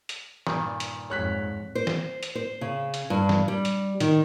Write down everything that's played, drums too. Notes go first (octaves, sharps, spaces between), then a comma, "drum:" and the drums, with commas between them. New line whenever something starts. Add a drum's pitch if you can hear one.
drum: hi-hat
G2 A#2 D#3, drum: snare
drum: hi-hat
F2 G#2 C#5 F#6 B6
C5
drum: snare
drum: hi-hat
C5
C#3
drum: hi-hat
G2
drum: snare
G3
drum: hi-hat
D#3, drum: hi-hat